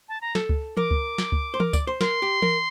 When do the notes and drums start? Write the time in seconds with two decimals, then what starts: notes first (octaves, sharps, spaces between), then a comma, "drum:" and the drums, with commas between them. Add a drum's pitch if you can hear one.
0.09 A5
0.21 A#5
0.35 A4, drum: snare
0.49 drum: kick C#2
0.77 A#4 D6, drum: tom E3
0.91 drum: kick C#2
1.18 drum: snare
1.32 drum: kick C#2
1.54 C5
1.60 A#4, drum: tom E3
1.73 D5, drum: kick C#2, tambourine
1.87 C5
2.01 A#4 C6, drum: snare
2.22 G4
2.42 A#4, drum: tom E3